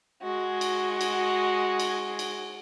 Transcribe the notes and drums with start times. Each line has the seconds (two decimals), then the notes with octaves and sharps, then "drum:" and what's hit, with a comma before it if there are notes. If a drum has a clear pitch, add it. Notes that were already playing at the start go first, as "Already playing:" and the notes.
0.22 G#3 F#4
0.61 drum: cymbal
1.01 drum: cymbal
1.80 drum: cymbal
2.19 drum: cymbal